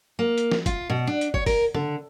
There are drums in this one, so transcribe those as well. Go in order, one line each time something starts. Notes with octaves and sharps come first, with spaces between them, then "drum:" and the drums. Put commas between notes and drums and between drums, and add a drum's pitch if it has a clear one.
A#3
drum: hi-hat
drum: snare F3
F4, drum: kick, hi-hat
B2
D4
drum: hi-hat
C#5, drum: kick
A#4, drum: kick, open hi-hat
D3, drum: tom